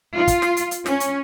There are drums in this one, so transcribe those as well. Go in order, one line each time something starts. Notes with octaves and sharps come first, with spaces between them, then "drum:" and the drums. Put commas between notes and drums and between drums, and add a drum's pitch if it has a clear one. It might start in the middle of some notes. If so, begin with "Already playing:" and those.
F4
drum: kick, hi-hat
drum: snare
drum: hi-hat
drum: hi-hat
C#4, drum: snare
drum: hi-hat